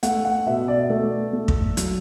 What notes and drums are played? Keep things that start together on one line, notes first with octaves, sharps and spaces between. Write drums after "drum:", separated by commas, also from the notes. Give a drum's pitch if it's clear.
A3 F#5, drum: hi-hat
F#5
B2 E5
D5
A3 A4
A3
drum: kick
F#3, drum: hi-hat